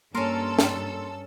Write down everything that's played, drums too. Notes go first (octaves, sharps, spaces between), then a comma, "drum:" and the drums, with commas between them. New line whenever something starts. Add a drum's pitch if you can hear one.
G2 A#3 C#4 A4 A#4 C6 E6
drum: snare